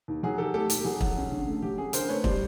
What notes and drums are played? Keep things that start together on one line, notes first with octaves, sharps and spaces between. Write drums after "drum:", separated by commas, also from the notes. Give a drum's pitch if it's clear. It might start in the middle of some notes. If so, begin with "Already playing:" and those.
D#2
F#3 G#4
D#3 G4 A4
A3 G4 A4
D#2, drum: hi-hat
G4
F#3 G#4
F#3, drum: kick
C#4
D3
A3
F#3 G4
C#4 G#4
D3 A#4 C5, drum: hi-hat
A3 B4 C#5
G3 C5 D5, drum: kick